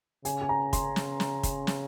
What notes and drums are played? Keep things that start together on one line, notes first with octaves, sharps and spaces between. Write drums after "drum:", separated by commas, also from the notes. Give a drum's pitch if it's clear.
C#3 G#5, drum: hi-hat
G#5
A#5
C6, drum: kick, hi-hat
drum: snare
drum: snare
drum: kick, hi-hat
drum: snare